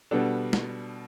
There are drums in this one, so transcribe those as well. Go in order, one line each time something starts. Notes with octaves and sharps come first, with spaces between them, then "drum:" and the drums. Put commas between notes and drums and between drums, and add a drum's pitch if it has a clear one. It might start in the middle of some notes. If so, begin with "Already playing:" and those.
B2 G3 B3 D4 A4
drum: snare